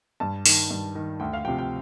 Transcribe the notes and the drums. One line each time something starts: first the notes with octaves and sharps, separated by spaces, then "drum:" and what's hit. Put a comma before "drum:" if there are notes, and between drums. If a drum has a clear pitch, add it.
G2 A5
D#3, drum: open hi-hat
G2
D#3
D2 G5
F5
C3 F3 G5
G5